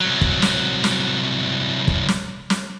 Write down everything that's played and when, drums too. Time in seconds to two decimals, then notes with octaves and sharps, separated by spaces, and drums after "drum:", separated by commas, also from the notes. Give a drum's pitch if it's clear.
0.01 C2 F#3
0.21 drum: kick
0.42 drum: snare
0.84 drum: snare
1.88 drum: kick
2.08 drum: snare
2.50 drum: snare